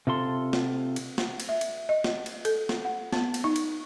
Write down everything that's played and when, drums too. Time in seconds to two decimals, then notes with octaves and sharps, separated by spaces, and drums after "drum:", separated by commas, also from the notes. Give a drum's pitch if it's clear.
0.07 C3 F4 A4 C6
0.53 drum: snare
0.96 drum: cymbal
1.18 drum: snare
1.40 drum: cymbal
1.49 E5
1.61 drum: cymbal
1.89 D#5
2.04 drum: snare
2.26 drum: cymbal
2.45 A4, drum: cymbal
2.69 drum: snare
2.85 F#5
3.13 B3, drum: snare
3.34 drum: cymbal
3.44 D#4
3.56 drum: cymbal